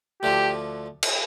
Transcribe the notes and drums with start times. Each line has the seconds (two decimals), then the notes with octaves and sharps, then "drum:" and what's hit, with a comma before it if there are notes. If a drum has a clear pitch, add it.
0.22 D2 D3 F3 G4
1.03 drum: cymbal